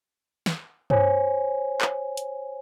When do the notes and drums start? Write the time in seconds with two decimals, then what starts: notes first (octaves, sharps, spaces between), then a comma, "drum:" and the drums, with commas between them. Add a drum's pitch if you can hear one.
0.46 drum: snare
0.90 C5 C#5 G#5, drum: tom G2
1.81 drum: clap
2.17 drum: hi-hat